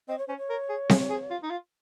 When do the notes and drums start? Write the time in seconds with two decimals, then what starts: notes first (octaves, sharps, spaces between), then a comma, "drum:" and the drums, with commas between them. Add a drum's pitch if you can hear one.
0.09 C4 D#5
0.18 C#5
0.27 C#4 C5
0.37 C#5
0.50 A#4
0.69 G#4
0.89 G#4, drum: snare C4
1.10 G#4
1.30 F4
1.43 D#4
1.50 F4